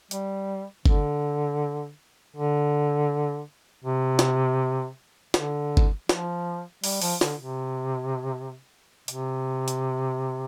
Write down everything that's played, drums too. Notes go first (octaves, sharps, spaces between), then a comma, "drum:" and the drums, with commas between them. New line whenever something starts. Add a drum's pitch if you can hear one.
G3, drum: hi-hat
D3, drum: kick G1
D3
C3
drum: snare
D3, drum: snare
drum: kick G1
F3, drum: snare
G3, drum: open hi-hat
F3, drum: open hi-hat
D3, drum: snare
C3
C3, drum: hi-hat
drum: hi-hat